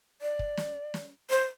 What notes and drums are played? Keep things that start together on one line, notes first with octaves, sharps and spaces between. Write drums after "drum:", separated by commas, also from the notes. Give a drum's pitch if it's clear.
D5
drum: kick
drum: snare
drum: snare
C5